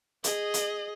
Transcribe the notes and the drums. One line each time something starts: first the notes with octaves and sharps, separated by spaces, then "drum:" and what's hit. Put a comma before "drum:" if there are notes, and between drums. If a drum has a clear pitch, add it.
G#4 D#5, drum: hi-hat
drum: hi-hat